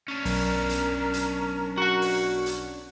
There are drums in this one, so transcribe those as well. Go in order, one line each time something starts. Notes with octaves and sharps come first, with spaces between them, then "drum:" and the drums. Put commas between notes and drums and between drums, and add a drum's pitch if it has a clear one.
C#4 D4
B1 A#4, drum: open hi-hat
drum: hi-hat
drum: hi-hat
F#4 F#5
drum: open hi-hat
drum: hi-hat